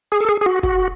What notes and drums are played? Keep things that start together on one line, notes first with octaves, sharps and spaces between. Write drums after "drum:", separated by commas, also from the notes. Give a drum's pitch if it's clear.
G#4
A4
G#4
G#4
F#4
F#4, drum: kick